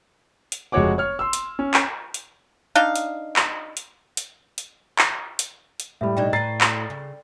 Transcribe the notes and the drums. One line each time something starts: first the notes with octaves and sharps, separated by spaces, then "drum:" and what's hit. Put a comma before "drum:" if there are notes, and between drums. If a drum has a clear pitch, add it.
drum: hi-hat
F1 G#3 F#4 C#5 F#5 D6
C#5 F6
C6 E6
drum: hi-hat
C#4
drum: clap
drum: hi-hat
D4 D#4 F5
drum: hi-hat
drum: clap
drum: hi-hat
drum: hi-hat
drum: hi-hat
drum: clap
drum: hi-hat
drum: hi-hat
A2 G3 E5 B5
B2 D4 D#4 D5 G5
A2 B4 A#5 A6 C7
drum: clap
C#3